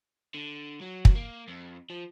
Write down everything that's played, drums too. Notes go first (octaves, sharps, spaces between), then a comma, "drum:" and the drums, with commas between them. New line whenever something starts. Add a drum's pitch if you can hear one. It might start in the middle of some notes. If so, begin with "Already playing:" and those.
D3
F#3
drum: kick
A#3
F2
F3